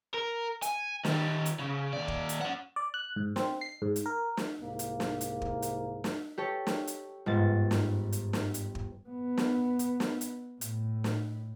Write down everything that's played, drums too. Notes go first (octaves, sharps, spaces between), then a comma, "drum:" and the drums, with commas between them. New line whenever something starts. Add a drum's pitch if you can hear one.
A#4
G#5, drum: hi-hat
D#3 G3, drum: snare
drum: hi-hat
C#3
D#2 D5
drum: kick
drum: hi-hat
C#4 F#5
D5
F#6
G#2
C4, drum: snare
C7
G#2
drum: hi-hat
A#4
drum: snare
C2 G#2 A#3
drum: hi-hat
drum: snare
drum: hi-hat
drum: kick
drum: hi-hat
drum: snare
G4 A4 C#5
drum: snare
drum: hi-hat
G1 G#2 A6
drum: snare
drum: hi-hat
drum: snare
drum: hi-hat
drum: kick
B3
drum: snare
drum: hi-hat
drum: snare
drum: hi-hat
A2, drum: hi-hat
drum: snare